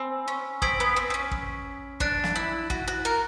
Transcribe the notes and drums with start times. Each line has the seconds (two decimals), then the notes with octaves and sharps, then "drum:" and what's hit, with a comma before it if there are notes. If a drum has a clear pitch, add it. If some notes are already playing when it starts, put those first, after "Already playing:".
Already playing: C4 G#5 B5 E6
0.28 C#4
0.62 C4 D#6 G#6 B6 D7 F#7, drum: kick
0.80 B3
0.96 C4
1.10 C4
1.14 C#4
1.31 drum: kick
2.00 D4 F#6 A6 D7, drum: kick
2.24 drum: snare
2.36 E4
2.70 F#4, drum: kick
2.88 F#4
3.05 A#4